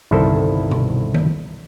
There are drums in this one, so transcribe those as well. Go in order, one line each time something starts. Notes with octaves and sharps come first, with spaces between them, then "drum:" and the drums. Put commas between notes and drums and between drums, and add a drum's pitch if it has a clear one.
G1 C2 D#3 E4 A4 C5
drum: tom B2
drum: tom D#3